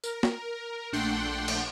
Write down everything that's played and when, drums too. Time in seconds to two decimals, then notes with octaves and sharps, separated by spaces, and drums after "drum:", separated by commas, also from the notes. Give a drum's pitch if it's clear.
0.04 A#4, drum: tambourine
0.23 drum: snare
0.93 A#1 A3 D4 F#5 G5 C6
1.48 drum: cymbal